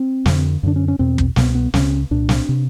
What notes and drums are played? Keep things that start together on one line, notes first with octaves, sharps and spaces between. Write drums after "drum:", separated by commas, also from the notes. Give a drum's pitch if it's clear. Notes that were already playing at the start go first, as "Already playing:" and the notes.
Already playing: C4
F2 D3, drum: snare
F#2 D3 D4
C#4
C#4
E2 B2 C4
drum: kick
C2 B2 B3, drum: snare
B3
C#2 C#3 C#4, drum: snare
C2 A#2 D4
drum: snare
C3